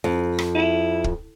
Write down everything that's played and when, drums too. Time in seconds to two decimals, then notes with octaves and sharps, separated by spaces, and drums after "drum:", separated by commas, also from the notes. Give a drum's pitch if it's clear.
0.04 F2
0.39 drum: rim click
0.55 E4
1.04 drum: kick